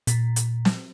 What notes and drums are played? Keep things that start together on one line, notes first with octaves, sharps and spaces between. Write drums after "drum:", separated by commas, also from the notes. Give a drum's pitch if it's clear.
A#2, drum: hi-hat
drum: hi-hat
drum: snare